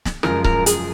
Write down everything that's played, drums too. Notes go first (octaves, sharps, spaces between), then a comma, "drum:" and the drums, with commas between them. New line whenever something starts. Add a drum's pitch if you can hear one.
drum: snare
F#2 C#3 F3 G#3 A#4, drum: rim click
A#4, drum: kick C#1
G#4, drum: hi-hat